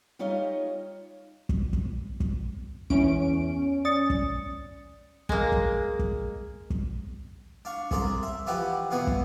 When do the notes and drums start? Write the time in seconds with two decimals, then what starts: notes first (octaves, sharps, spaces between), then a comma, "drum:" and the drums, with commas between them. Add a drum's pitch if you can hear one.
0.19 G3 D#4 F4 C#5 D#5
1.49 drum: kick
1.73 drum: kick
2.20 drum: kick
2.90 E2 C#4 D7, drum: kick
3.85 D5 D#6 A6 C#7
4.10 drum: kick
5.29 G#3 A#3, drum: kick
5.52 drum: kick
5.99 drum: kick
6.70 drum: kick
7.65 D4 F5 C#6
7.91 C2 G#4 C5 D5 A#5, drum: kick
8.23 E5
8.46 E3 F3 F#4 G4 B4
8.91 E2 B2 E3 F5 F#5 G#5
9.07 drum: kick